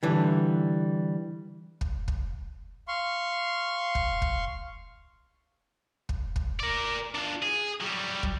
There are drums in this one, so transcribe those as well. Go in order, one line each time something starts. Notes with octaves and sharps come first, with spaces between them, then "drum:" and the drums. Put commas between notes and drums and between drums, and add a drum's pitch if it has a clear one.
D3 E3 G3
drum: kick
drum: kick
F5 C6 C#6
drum: kick
drum: kick
drum: kick
drum: kick
A#4 D5
D4 F4
G#4
F#3 G3
drum: kick